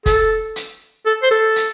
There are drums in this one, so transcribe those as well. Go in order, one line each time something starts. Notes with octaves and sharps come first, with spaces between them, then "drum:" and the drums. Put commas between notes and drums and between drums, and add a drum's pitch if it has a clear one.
A4, drum: kick, hi-hat
drum: hi-hat
A4
C5
A4
drum: hi-hat